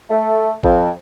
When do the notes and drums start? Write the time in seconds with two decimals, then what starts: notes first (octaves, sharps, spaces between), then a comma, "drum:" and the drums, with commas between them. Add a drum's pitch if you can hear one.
0.10 A3
0.63 F2, drum: kick G#1